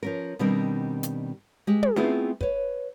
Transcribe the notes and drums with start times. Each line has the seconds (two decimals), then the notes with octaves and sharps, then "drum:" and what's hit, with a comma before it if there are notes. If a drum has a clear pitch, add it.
0.03 F3 C#4 A#4
0.39 B2 D#3 G3 C4 D4 A#4
1.03 drum: hi-hat
1.67 G#3 G4
1.83 drum: tom
1.96 A3 B3 C4 E4 F4 G#4, drum: snare
2.41 B4 C#5, drum: kick